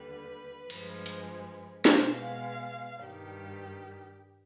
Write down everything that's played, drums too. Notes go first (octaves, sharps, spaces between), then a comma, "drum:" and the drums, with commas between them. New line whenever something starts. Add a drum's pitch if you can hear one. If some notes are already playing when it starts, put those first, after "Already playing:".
Already playing: D#2 D3 G3 B4
G2 F3 G#3, drum: cymbal
drum: hi-hat
B2 G#3 C5, drum: snare
F5
G2 D#3 G3 G4